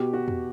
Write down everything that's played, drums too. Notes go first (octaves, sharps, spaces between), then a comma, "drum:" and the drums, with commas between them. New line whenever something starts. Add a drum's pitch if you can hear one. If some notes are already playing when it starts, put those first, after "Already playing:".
Already playing: B2 G4
F#4
drum: tom E2